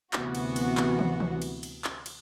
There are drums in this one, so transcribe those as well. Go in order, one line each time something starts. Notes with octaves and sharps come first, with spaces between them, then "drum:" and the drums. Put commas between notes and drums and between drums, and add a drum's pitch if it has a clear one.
D2 C3 E3 B3 F#4, drum: clap
drum: cymbal
drum: cymbal
drum: clap
drum: tom
drum: tom
drum: cymbal
drum: cymbal
drum: clap
drum: cymbal